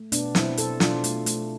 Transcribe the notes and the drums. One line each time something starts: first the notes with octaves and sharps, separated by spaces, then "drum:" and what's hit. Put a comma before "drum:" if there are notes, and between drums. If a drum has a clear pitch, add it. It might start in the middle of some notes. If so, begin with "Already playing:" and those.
Already playing: A3
B2 B3 D4, drum: hi-hat
B2 C4 E4, drum: snare
B2 A4 C5, drum: hi-hat
B2 D4 F4, drum: snare
A3, drum: hi-hat
A3, drum: hi-hat